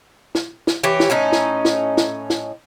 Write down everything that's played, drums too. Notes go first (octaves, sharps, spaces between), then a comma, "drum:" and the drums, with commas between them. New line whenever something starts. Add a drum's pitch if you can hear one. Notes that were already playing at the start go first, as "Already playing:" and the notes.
drum: snare
drum: snare
E3 G4 C#5
drum: snare
A2 C#4 D#4
drum: snare
drum: snare
drum: snare
drum: snare